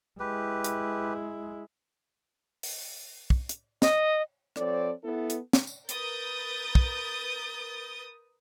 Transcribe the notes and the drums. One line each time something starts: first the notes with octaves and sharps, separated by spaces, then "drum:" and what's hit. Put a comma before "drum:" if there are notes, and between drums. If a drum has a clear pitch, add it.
G#3 E4 G4 B4
drum: hi-hat
drum: open hi-hat
drum: kick
drum: hi-hat
D#5, drum: snare
F3 C4 A4 C#5 D5, drum: rim click
B3 E4 A4
drum: hi-hat
drum: snare
drum: tambourine
A#4 B4 D#6 G6 A6, drum: hi-hat
drum: kick